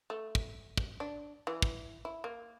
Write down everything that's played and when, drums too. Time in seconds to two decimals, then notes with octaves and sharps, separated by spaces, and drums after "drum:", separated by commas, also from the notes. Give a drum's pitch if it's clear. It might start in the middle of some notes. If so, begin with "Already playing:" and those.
0.10 A3
0.35 drum: kick
0.77 drum: kick
1.00 D4
1.47 E3
1.62 drum: kick
2.05 E4
2.24 A#3